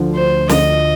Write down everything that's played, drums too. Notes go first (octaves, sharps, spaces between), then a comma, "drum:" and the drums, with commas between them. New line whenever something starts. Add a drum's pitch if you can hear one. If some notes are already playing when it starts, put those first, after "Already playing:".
Already playing: D2 D3 F3
C5
D2 D3 F3 D#5, drum: snare